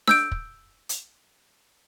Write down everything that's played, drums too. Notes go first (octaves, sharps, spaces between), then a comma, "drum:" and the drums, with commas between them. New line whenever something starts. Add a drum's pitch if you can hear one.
E6 G6 D7, drum: snare D4
drum: kick
drum: hi-hat